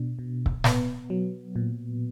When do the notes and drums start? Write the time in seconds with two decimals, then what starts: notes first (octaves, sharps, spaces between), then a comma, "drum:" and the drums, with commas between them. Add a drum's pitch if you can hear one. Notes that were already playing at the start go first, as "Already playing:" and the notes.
Already playing: B2 D4
0.19 B2
0.46 drum: kick C#1
0.64 B3, drum: snare
1.10 F#3
1.56 A#2